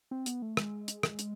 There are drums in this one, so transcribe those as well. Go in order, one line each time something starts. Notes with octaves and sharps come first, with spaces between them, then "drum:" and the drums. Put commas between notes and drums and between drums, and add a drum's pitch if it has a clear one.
C4
B3, drum: hi-hat
A3
G#3, drum: rim click
drum: hi-hat
drum: rim click
drum: hi-hat